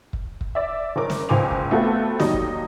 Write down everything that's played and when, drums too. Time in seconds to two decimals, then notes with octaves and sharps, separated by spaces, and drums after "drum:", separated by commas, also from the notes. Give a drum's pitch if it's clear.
0.13 drum: kick
0.41 drum: kick
0.55 D5 E5
0.96 F#1 C#4 A#4 D6
1.10 drum: snare
1.29 F#1 C#2 C5 G#5 D6 F7
1.51 drum: kick
1.71 A3 B3 C4 F4 F#4 A4
2.20 D#2 F#3 G3 D#4 D#5, drum: snare
2.34 drum: kick